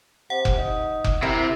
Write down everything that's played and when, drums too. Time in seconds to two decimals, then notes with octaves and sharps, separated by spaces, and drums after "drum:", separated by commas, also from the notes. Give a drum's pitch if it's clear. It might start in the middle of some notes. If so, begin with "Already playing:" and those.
0.30 C3 F#5
0.45 drum: kick F1
0.58 D#4
1.04 drum: kick F1
1.22 C3 E4 A#4